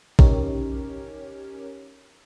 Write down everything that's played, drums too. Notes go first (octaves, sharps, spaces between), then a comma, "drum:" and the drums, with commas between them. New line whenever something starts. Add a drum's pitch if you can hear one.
C#4 D#4 G4 A#4 C#5, drum: kick A1